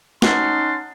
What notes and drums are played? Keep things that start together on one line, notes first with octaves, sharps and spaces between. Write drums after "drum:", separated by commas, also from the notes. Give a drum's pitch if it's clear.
C#4 D#4 F#5 A5 C6, drum: snare